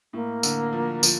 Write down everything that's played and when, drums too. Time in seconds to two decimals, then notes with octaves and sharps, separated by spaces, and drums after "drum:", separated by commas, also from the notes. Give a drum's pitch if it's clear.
0.13 A2 A#3
0.43 D3, drum: tambourine
0.73 F3
1.03 F3, drum: tambourine